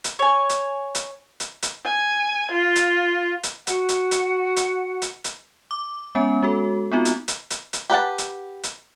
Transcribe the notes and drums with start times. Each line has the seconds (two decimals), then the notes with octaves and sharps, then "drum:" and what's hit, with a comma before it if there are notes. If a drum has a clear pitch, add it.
0.04 drum: hi-hat
0.19 C#5 G#5
0.49 drum: hi-hat
0.95 drum: hi-hat
1.40 drum: hi-hat
1.62 drum: hi-hat
1.85 G#5
2.52 F4
2.76 drum: hi-hat
3.43 drum: hi-hat
3.67 F#4 F#5, drum: hi-hat
3.89 drum: hi-hat
4.11 drum: hi-hat
4.56 drum: hi-hat
5.02 drum: hi-hat
5.24 drum: hi-hat
5.71 D6
6.15 G#3 B3 C#4 G#5
6.42 G#3 F#4 A4
6.91 B3 C4 D#4 F4 F#4
7.05 drum: hi-hat
7.28 drum: hi-hat
7.50 drum: hi-hat
7.73 drum: hi-hat
7.90 G4 B4 F#5 A5
8.18 drum: hi-hat
8.63 drum: hi-hat